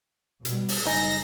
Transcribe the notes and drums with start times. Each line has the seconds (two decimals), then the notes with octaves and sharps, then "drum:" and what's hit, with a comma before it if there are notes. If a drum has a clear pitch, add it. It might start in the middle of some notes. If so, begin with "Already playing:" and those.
0.45 B2 G3, drum: hi-hat
0.69 drum: open hi-hat
0.87 F#1 D#4 G#5 A#6